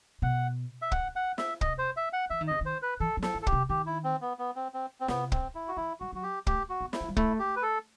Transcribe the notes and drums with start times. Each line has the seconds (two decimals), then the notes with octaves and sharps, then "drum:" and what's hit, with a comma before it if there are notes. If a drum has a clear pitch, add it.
0.22 B2 F#5
0.82 E5
0.92 F#5, drum: kick
1.16 F#5
1.38 E5, drum: snare
1.61 C3 D#5, drum: kick
1.78 C5
1.97 E5
2.13 F#5
2.30 E3 E5
2.41 D#3
2.47 C3 D#5
2.61 D#3 C5
2.82 B4
3.00 E3 A4
3.17 F#3
3.23 A4, drum: snare
3.35 E3
3.42 A4
3.47 G4, drum: kick
3.52 C3
3.69 D#3 G4
3.86 E4
4.04 C4
4.21 B3
4.39 B3
4.56 C4
4.74 C4
5.00 C4
5.08 C3 B3, drum: snare
5.32 C4, drum: kick
5.55 E4
5.68 F#4
5.77 E3 E4
6.00 G3 F#4
6.13 F#3 F#4
6.23 G4
6.47 A3 G4, drum: kick
6.69 F#4
6.81 B3
6.93 E4, drum: snare
7.01 F#3
7.09 G3
7.17 A3 E4, drum: kick
7.39 G4
7.56 B4
7.62 A4